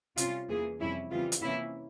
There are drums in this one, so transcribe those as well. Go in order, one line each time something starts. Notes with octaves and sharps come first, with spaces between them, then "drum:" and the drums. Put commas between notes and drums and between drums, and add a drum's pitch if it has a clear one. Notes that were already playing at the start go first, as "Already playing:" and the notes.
C3 G3 C#4 F4, drum: hi-hat
E2 E3 A#3 G#4
F2 C3 G3 C#4 E4
C#3 E3 G3 C4 F4
drum: hi-hat
C3 E3 A#3 C#4 E4